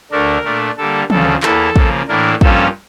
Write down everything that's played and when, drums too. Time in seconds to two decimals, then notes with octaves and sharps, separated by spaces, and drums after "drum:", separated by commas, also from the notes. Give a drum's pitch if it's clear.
0.11 D2 D3 A3 D4 A#4
0.44 A#2 A3 D4
0.77 D3 G3 A#3 A4
1.10 D2 C#3 F3 A4, drum: tom
1.43 E2 E3 A#3 E4 A4, drum: clap
1.76 C#3 F3 A#3, drum: kick
2.08 A2 E3 A#3 D4 A#4
2.41 G2 F3 A#3 C#4 F4 A4, drum: kick